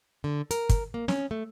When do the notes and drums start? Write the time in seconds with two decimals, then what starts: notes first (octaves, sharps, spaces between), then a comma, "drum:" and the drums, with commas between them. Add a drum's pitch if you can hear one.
0.24 D3
0.51 A#4, drum: hi-hat
0.69 drum: kick, hi-hat
0.94 A#3
1.08 C#4, drum: snare
1.31 A3